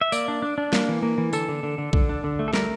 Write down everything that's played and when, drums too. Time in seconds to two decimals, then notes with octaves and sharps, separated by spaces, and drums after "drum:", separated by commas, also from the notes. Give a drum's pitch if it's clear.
0.01 E5
0.12 A#3 D5, drum: tambourine
0.28 D4
0.42 D4
0.58 D4
0.73 A#3, drum: snare
0.89 E3
1.02 A#3
1.18 E3
1.33 D3 A4, drum: tambourine
1.49 D3
1.63 D3
1.78 D3
1.93 D3, drum: kick A#1
2.09 D4
2.24 D3
2.39 A3
2.48 A4
2.53 G3 A#4, drum: snare